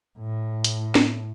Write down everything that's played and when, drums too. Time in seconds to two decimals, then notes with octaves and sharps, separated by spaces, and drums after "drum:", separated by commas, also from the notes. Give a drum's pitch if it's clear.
0.18 A2
0.64 drum: hi-hat
0.95 drum: snare